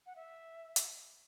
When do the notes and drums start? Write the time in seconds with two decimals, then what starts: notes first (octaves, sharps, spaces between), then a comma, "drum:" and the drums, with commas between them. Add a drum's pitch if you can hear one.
0.06 F#5
0.16 E5
0.76 drum: hi-hat